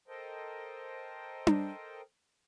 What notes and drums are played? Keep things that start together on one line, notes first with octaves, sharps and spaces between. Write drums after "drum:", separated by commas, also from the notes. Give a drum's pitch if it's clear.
A4 A#4 C5 D#5 G5
drum: tom D4